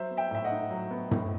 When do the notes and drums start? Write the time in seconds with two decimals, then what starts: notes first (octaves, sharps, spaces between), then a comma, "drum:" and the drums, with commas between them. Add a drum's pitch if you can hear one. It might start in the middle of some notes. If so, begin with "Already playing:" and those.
Already playing: F#3 C5 E5
0.11 B3
0.17 E5 G5
0.31 A2 E5
0.44 D#5 F#5
0.51 D#4
0.71 F#3
0.91 B3
1.11 A2, drum: tom